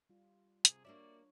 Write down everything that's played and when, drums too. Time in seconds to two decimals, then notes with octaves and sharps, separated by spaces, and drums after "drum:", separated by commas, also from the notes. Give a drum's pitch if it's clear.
0.10 G3 F4
0.65 C3 G#4, drum: hi-hat
0.85 A#3 D4 F#4 C#5 D5 E5